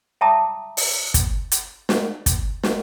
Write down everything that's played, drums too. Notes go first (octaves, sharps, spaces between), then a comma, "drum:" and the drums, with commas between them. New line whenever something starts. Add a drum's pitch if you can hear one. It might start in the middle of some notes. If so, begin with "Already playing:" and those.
E5 G5 A5 A#5 D6 D#6
drum: open hi-hat
drum: kick, hi-hat
drum: hi-hat
drum: snare
drum: kick, hi-hat
drum: snare